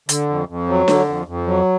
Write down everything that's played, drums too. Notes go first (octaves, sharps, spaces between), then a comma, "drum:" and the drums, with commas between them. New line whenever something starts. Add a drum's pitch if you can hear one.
D3, drum: hi-hat
F2
F2
F#3
D3, drum: snare D4
F2
F2
F#3